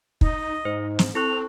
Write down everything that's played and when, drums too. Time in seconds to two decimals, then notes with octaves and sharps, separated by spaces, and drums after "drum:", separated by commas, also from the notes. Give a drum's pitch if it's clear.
0.21 D#4 D#5, drum: kick
0.65 G#2 D#4 C5
0.99 drum: snare
1.15 C4 E4 A4 C#6 F#6 F7